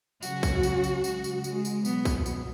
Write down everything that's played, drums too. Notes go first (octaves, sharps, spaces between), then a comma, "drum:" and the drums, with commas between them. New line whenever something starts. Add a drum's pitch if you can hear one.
C#3 F#3 F#4, drum: tambourine
drum: kick, tambourine
drum: tambourine
drum: tambourine
C#3 G#3 F#4, drum: tambourine
drum: tambourine
G#3, drum: tambourine
drum: tambourine
B2 F#3 B3, drum: tambourine
drum: kick, tambourine
drum: tambourine